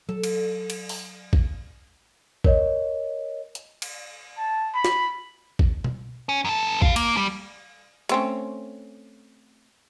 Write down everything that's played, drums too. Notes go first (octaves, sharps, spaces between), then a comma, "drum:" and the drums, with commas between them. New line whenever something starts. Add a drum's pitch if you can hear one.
F#3 A4
drum: cymbal
drum: cymbal
drum: open hi-hat
drum: kick A1
A#4 C#5 D#5, drum: kick A1
drum: hi-hat
drum: cymbal
A5
B5
drum: snare
drum: kick A1
drum: tom B2
C#4
F#2 A4
G4 F5, drum: kick A1
A#3, drum: cymbal
G3
A3 C4 C#4, drum: hi-hat